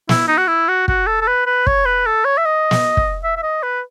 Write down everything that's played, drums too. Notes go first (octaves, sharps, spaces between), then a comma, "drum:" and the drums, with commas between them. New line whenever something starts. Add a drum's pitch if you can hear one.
E4, drum: snare
D#4
F#4
E4
F#4
F#4, drum: kick
A4
A4
B4
B4
C#5, drum: kick
B4
A4
C#5
E5
D#5
drum: snare
drum: kick
E5
E5
D#5
B4